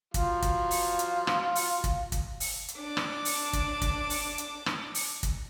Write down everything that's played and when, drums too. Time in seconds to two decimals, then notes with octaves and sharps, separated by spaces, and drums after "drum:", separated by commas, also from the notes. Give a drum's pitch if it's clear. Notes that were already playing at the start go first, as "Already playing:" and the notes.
0.14 F3 F#3 F4, drum: kick, hi-hat
0.42 drum: kick, hi-hat
0.71 drum: open hi-hat
0.99 drum: hi-hat
1.27 drum: rim click
1.55 drum: open hi-hat
1.84 drum: kick, hi-hat
2.12 drum: kick, hi-hat
2.40 drum: open hi-hat
2.69 drum: hi-hat
2.78 D4 D6
2.97 drum: rim click
3.25 drum: open hi-hat
3.53 drum: kick, hi-hat
3.82 drum: kick, hi-hat
4.10 drum: open hi-hat
4.38 drum: hi-hat
4.66 drum: rim click
4.95 drum: open hi-hat
5.23 drum: kick, hi-hat